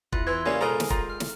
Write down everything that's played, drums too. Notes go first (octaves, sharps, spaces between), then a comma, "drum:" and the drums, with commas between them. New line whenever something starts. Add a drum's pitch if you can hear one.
E2 E4 F4 E5 F#6, drum: kick
E3 C6 E6 G#6
C#3 G3 A#3 G#5
G#2 B2 F4 A4 A#4 D#5 A#5
drum: snare
F4 G5 A#5, drum: kick
F6
drum: snare